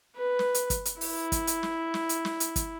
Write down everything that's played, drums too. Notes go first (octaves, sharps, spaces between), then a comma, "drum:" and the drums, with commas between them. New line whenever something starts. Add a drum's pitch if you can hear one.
B4
drum: snare
drum: hi-hat
drum: kick, hi-hat
drum: hi-hat
E4, drum: open hi-hat
drum: kick, hi-hat
drum: hi-hat
drum: snare
drum: snare
drum: hi-hat
drum: snare
drum: hi-hat
drum: kick, hi-hat